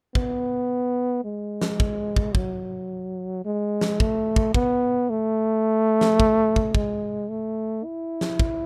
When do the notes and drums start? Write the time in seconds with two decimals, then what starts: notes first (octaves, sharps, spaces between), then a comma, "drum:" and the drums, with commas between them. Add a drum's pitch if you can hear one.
0.15 B3, drum: kick
1.25 G#3
1.61 drum: snare
1.80 drum: kick
2.16 drum: kick
2.35 F#3, drum: kick
3.45 G#3
3.81 drum: snare
4.00 A3, drum: kick
4.36 drum: kick
4.54 B3, drum: kick
5.10 A3
6.01 drum: snare
6.20 drum: kick
6.56 drum: kick
6.75 G#3, drum: kick
7.30 A3
7.84 E4
8.21 drum: snare
8.40 drum: kick